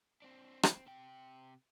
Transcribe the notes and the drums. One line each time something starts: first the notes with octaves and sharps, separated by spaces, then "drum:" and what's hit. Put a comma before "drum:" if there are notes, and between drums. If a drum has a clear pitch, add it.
C4 D4
C4, drum: rim click
C3 G5